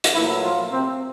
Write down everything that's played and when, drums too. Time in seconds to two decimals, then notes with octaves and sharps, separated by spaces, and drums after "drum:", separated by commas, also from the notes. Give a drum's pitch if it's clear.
0.04 drum: hi-hat
0.14 A#2 E3 F#3 A3 E4
0.42 F3 F4
0.72 C3 C4